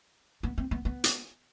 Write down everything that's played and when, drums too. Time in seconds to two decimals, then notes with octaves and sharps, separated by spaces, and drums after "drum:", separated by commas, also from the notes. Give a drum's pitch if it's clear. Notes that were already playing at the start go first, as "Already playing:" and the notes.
0.43 B3
0.58 C4
0.71 B3
0.85 B3
1.04 drum: hi-hat